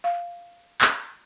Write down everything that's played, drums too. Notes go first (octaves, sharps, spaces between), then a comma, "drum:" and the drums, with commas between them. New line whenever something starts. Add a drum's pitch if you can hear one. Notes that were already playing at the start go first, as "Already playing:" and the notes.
F5
drum: clap